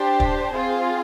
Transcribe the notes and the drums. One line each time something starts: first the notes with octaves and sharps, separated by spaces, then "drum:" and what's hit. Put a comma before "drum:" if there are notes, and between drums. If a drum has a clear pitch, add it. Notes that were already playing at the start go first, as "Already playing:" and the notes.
Already playing: D4 G4 C5
drum: kick
C4 F4 G#4